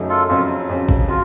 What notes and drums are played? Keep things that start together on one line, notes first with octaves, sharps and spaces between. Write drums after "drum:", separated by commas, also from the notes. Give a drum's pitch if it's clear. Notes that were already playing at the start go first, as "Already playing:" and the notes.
Already playing: F#2 C#3 F#3 A3 D#4
F4 A4
F2 C#3 F#3 F4
F2 C#3 F#3
drum: kick
F4 F#4